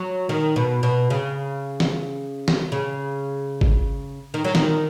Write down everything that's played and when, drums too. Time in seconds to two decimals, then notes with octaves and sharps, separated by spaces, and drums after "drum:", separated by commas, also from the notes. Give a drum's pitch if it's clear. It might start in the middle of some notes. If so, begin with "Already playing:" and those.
Already playing: F#3
0.29 D#3
0.56 B2
0.83 B2
1.10 C#3
1.80 drum: snare
2.48 drum: snare
2.72 C#3
3.61 drum: kick
4.34 D#3
4.44 F#3
4.55 D#3, drum: snare